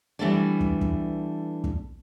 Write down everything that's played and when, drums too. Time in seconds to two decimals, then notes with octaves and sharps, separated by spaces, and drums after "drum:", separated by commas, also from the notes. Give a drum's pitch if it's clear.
0.19 E3 G3 A3 B3 D4 D5
0.60 drum: kick
0.81 drum: kick
1.64 drum: kick